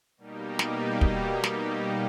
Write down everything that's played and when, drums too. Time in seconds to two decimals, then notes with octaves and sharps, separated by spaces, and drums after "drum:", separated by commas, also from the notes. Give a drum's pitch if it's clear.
0.17 B2 G3 A#3 D#4 G4
0.59 drum: snare
1.01 drum: kick
1.44 drum: snare